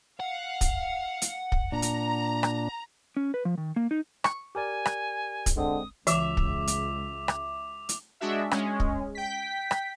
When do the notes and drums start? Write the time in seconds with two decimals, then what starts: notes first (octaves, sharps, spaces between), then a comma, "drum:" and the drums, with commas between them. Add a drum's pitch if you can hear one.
0.20 F5 F#5
0.61 drum: kick, hi-hat
1.22 drum: hi-hat
1.52 drum: kick
1.72 A#2 D4 A#5
1.82 drum: hi-hat
2.43 drum: rim click
3.17 C#4
3.34 B4
3.45 F3
3.58 D#3
3.76 A#3
3.91 D#4
4.24 C#6, drum: rim click
4.55 G4 A#4 D5 G#5
4.86 drum: rim click
5.46 drum: kick, hi-hat
5.57 D3 G#3 C4 D#6
6.07 C#2 E3 E5 D6 F7, drum: hi-hat
6.37 drum: kick
6.67 drum: hi-hat
7.28 drum: rim click
7.89 drum: hi-hat
8.20 G#3 D4 F#4 E5
8.51 G#3 C#4, drum: rim click
8.80 drum: kick
9.15 G5 B6
9.71 drum: rim click